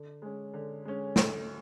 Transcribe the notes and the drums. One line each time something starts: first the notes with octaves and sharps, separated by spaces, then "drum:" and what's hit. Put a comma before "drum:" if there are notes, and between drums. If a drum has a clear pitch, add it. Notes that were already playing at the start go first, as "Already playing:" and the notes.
Already playing: D3
G#3 C#4
D3
G#3 C#4
D2, drum: snare